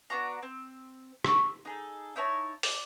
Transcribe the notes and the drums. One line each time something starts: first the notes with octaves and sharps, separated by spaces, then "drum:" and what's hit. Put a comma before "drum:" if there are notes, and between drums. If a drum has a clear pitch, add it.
B3 D4 F#4 A#5
C4
C#6 E6, drum: rim click
D#4 G#4 A4
D#4 E4 C#5 A5
D5, drum: open hi-hat